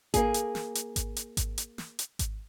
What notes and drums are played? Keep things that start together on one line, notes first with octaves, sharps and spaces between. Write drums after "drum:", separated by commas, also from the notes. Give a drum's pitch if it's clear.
A#3 G#4, drum: kick G#1, hi-hat
drum: hi-hat
drum: snare
drum: hi-hat
drum: kick G#1, hi-hat
drum: hi-hat
drum: kick G#1, hi-hat
drum: hi-hat
drum: snare
drum: hi-hat
drum: kick G#1, hi-hat